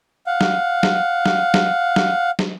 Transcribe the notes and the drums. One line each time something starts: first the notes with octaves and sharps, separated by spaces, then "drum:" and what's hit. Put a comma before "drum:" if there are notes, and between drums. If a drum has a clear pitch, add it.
F5 F#5
drum: snare
drum: snare
drum: snare
drum: snare
drum: snare
drum: snare